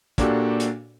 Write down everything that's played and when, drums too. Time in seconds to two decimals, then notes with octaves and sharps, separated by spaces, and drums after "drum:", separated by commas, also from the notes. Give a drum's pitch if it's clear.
0.18 A#2 A#3 D4 F#4 G4 A4, drum: kick, hi-hat
0.60 drum: hi-hat